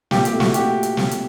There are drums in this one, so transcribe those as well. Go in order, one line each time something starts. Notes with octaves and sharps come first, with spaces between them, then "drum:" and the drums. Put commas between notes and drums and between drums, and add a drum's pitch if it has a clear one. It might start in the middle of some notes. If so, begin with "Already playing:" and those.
A#2 G4, drum: snare
G4, drum: hi-hat
A3
F#4, drum: snare
A#2 G4, drum: hi-hat
drum: hi-hat
drum: snare
drum: hi-hat